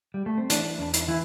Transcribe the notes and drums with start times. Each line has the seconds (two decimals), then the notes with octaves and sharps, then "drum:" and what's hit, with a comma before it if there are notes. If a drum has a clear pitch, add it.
0.14 G3
0.26 A3
0.38 C4
0.50 E3 D4, drum: hi-hat
0.79 E2 D4
0.94 drum: hi-hat
1.08 E3 E4